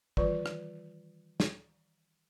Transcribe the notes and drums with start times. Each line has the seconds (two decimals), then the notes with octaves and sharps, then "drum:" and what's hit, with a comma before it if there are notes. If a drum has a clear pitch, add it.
0.17 D#3 E3 G3 F4 B4 D5, drum: kick
0.46 drum: rim click
1.40 drum: snare